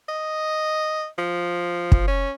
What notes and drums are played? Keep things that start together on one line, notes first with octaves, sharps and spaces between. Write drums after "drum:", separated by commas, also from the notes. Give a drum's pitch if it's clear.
D#5
F3
drum: kick
C#4